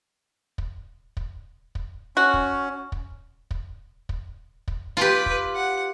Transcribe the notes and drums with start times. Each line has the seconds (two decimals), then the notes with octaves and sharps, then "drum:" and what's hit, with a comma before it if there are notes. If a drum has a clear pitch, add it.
0.58 drum: kick
1.17 drum: kick
1.75 drum: kick
2.17 C#4 F#4
2.34 drum: kick
2.92 drum: kick
3.51 drum: kick
4.09 drum: kick
4.68 drum: kick
4.97 F4 G4 B4
5.26 drum: kick
5.55 F#5